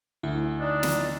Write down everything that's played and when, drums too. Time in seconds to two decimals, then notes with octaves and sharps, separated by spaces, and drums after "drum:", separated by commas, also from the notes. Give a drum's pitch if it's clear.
0.23 D2 E4
0.60 D4 D#4 D5 D#5
0.83 drum: snare